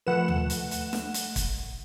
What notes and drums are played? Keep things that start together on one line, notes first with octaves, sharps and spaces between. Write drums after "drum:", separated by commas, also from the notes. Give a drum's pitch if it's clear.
F3 A3 B4 F#5 E7
drum: tom D#2
drum: hi-hat
drum: hi-hat
drum: snare
drum: hi-hat
drum: kick, hi-hat